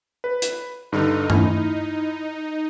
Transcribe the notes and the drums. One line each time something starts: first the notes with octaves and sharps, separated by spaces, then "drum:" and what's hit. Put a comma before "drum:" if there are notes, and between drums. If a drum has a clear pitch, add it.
B4
drum: hi-hat
G2 D3 D#4
E4 F6, drum: tom G2